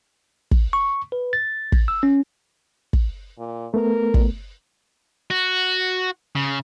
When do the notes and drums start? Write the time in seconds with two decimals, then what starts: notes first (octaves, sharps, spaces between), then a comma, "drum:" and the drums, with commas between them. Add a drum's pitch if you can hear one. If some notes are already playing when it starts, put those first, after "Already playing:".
0.51 drum: kick
0.73 C#6
1.12 B4
1.33 A6
1.72 drum: kick
1.88 E6
2.03 C#4
2.93 drum: kick
3.39 A#2
3.74 A3 B3 A#4
4.14 drum: kick
5.31 F#4
6.35 C#3